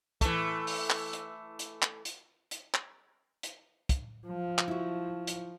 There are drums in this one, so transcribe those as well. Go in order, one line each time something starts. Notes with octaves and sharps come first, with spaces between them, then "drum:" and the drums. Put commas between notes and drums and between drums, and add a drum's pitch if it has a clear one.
E3 A3, drum: kick, hi-hat
drum: open hi-hat
drum: clap
drum: hi-hat
drum: hi-hat
drum: clap
drum: hi-hat
drum: hi-hat
drum: clap
drum: hi-hat
drum: kick, hi-hat
F3
drum: clap
E4 F#4
drum: hi-hat